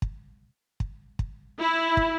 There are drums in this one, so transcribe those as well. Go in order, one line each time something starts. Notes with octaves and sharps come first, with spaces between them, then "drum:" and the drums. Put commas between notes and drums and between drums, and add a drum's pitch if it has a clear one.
drum: kick
drum: kick
drum: kick
E4
drum: kick